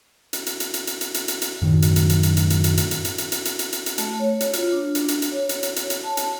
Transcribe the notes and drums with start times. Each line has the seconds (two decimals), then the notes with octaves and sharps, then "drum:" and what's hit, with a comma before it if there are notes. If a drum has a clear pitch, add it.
0.33 drum: hi-hat
0.46 drum: hi-hat
0.60 drum: hi-hat
0.74 drum: hi-hat
0.87 drum: hi-hat
1.01 drum: hi-hat
1.14 drum: hi-hat
1.28 drum: hi-hat
1.42 drum: hi-hat
1.62 F#2 A2 D#3 F#3
1.82 drum: hi-hat
1.96 drum: hi-hat
2.10 drum: hi-hat
2.23 drum: hi-hat
2.37 drum: hi-hat
2.50 drum: hi-hat
2.64 drum: hi-hat
2.77 drum: hi-hat
2.91 drum: hi-hat
3.05 drum: hi-hat
3.18 drum: hi-hat
3.32 drum: hi-hat
3.45 drum: hi-hat
3.59 drum: hi-hat
3.73 drum: hi-hat
3.86 drum: hi-hat
3.98 A3, drum: hi-hat
4.20 C#5
4.40 drum: hi-hat
4.53 F4, drum: hi-hat
4.72 D4
4.95 drum: hi-hat
5.08 drum: hi-hat
5.22 drum: hi-hat
5.32 C#5
5.49 drum: hi-hat
5.63 drum: hi-hat
5.76 drum: hi-hat
5.90 drum: hi-hat
6.04 A5
6.17 drum: hi-hat